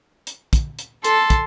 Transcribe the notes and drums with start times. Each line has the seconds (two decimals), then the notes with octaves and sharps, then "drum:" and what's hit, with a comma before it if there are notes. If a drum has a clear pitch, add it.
0.27 drum: hi-hat
0.53 drum: kick, hi-hat
0.79 drum: hi-hat
1.04 A4 C6, drum: hi-hat
1.30 drum: kick, hi-hat